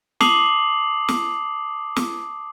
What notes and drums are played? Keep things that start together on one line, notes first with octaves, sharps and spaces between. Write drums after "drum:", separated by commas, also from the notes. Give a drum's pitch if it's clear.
A5 D6 D#6 C7 F7 F#7, drum: snare
drum: snare
drum: snare